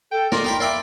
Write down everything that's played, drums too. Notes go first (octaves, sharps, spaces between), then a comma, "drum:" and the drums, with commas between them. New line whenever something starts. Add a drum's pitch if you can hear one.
A4 G5
A#4 D5 C6, drum: snare
D#4 G5 B5
A#3 D5 E5 G5 B5